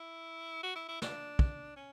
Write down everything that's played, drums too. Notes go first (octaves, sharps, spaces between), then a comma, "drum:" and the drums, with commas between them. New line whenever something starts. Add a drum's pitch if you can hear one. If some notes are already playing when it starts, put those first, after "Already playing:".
Already playing: E4
F#4
E4
E4
D4, drum: snare
drum: kick
C#4